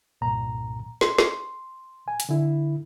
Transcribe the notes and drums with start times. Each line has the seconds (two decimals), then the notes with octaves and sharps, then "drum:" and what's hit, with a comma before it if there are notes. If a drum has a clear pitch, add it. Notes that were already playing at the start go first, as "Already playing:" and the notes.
0.21 C2 G2 A#2 A#5
1.01 C6, drum: snare
1.18 drum: snare
2.08 G#5
2.20 drum: hi-hat
2.29 D3 E4